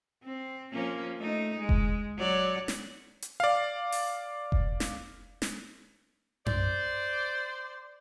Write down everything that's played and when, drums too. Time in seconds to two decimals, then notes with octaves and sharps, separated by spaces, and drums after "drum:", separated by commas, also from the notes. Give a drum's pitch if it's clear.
0.23 C4
0.73 F3 A#3 C#4
1.18 A3 D#4
1.59 G#3
1.69 drum: kick F1
2.18 F#3 C#5 D5
2.68 drum: snare
3.22 drum: hi-hat
3.40 D5 F5
3.92 drum: open hi-hat
4.52 drum: kick F1
4.80 drum: snare
5.42 drum: snare
6.46 C5 D5, drum: tom F#2